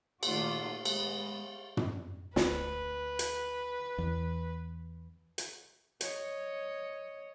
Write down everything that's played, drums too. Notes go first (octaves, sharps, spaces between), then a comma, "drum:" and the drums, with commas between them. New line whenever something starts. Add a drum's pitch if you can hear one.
A#2 D#3 A3 F4 F#4 D5, drum: cymbal
G#3 B3, drum: cymbal
drum: tom
D2 B4, drum: snare
drum: hi-hat
E2
drum: hi-hat
C#5 D#5, drum: hi-hat